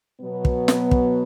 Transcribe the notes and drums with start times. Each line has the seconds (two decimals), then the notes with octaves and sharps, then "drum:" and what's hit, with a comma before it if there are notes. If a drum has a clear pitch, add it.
0.21 B2 F#3 B3
0.45 drum: kick
0.68 drum: snare
0.91 drum: kick